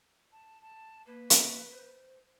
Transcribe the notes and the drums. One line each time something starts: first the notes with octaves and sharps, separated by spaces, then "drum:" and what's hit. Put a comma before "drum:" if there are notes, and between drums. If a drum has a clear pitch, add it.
A5
A5
A#3 B4
drum: hi-hat
C5